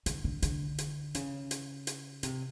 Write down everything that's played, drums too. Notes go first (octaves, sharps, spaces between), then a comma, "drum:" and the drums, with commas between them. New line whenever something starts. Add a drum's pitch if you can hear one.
D3, drum: hi-hat
D3
D3, drum: hi-hat
drum: hi-hat
C#3, drum: hi-hat
drum: hi-hat
drum: hi-hat
C3, drum: hi-hat